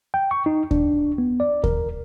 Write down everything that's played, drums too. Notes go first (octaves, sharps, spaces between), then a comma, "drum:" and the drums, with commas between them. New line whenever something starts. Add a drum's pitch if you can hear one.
G5
C#6
D#4
D4, drum: kick D#2
B3
D5
A#4, drum: kick D#2